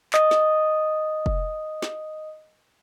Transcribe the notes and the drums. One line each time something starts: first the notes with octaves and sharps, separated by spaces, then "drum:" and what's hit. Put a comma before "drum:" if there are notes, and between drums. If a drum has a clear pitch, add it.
D#5 D#6, drum: clap
drum: snare
drum: kick F1
drum: snare